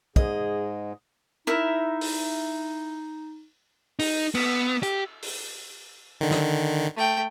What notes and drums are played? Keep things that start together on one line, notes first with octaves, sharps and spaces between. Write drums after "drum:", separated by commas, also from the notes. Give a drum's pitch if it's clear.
G#2 G#4 D#5, drum: kick
D#4 E4 A#4 E5
drum: open hi-hat
D#4, drum: open hi-hat
B3, drum: cymbal
G4, drum: hi-hat
drum: open hi-hat
D3 D#3
drum: snare
A3 G5